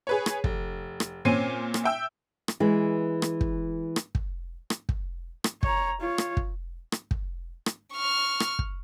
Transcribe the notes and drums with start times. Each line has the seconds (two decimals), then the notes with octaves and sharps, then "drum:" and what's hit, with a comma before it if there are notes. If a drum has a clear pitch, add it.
0.07 G#4 B4 C#5
0.26 drum: rim click
0.44 F1, drum: kick
1.00 drum: rim click
1.25 A#2 C4 C#4 C7 D#7
1.74 drum: rim click
1.84 E5 G5 E6
2.48 drum: rim click
2.60 E3 G#3
3.22 drum: rim click
3.41 drum: kick
3.96 drum: rim click
4.15 drum: kick
4.70 drum: rim click
4.89 drum: kick
5.44 drum: rim click
5.63 C#5 A#5, drum: kick
6.01 F4 C#5
6.18 drum: rim click
6.37 drum: kick
6.92 drum: rim click
7.11 drum: kick
7.66 drum: rim click
7.94 C#6 F6
8.40 drum: rim click
8.59 drum: kick